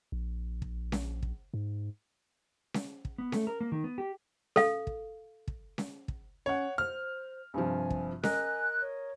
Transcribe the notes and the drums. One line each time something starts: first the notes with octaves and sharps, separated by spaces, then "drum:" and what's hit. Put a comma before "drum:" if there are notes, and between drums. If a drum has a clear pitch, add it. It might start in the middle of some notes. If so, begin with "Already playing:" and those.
A#1
drum: kick
drum: snare C#4
drum: kick
G#2
drum: snare C#4
drum: kick
B3
A3, drum: snare C#4
A#4
A#3
D#3
B3
G4
A4 F5, drum: snare C#4
drum: kick
drum: kick
drum: snare C#4
drum: kick
C#4 C#5 F#5
C5 F6
G2 C3 F3 G#5
drum: kick
A#4 D#5 G#5 F#6, drum: snare C#4
C#5